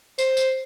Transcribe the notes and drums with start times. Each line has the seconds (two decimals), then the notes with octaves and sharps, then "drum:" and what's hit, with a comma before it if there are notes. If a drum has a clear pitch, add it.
0.18 C5, drum: tambourine
0.37 drum: tambourine